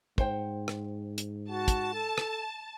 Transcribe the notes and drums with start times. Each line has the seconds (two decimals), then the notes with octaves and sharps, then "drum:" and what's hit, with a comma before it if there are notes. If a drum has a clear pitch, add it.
0.18 G#2 C5 F#5 G5, drum: kick
0.68 drum: rim click
1.18 drum: hi-hat
1.50 F#4 A5
1.68 drum: kick, hi-hat
1.93 A4
2.18 drum: rim click